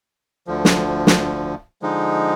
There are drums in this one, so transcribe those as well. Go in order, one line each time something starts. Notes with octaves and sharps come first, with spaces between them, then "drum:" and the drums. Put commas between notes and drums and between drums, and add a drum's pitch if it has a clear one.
D2 D3 F3
drum: snare
drum: snare
D3 F3 G#3 D#4